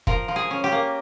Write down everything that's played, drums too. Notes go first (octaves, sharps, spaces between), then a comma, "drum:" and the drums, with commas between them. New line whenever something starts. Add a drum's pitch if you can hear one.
F3 A#4, drum: kick
F3
G#4
C#4
G4
A#3